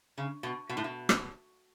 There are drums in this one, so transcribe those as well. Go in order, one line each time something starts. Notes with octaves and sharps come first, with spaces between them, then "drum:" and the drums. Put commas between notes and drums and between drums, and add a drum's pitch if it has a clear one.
C#3
B2
B2
A2
B2
drum: rim click